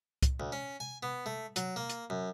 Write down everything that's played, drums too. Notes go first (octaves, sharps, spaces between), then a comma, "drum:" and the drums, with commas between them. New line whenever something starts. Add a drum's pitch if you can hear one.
drum: kick C2, hi-hat
D2
C#4
G#5
B3
A3
F#3, drum: hi-hat
A#3
drum: hi-hat
F#2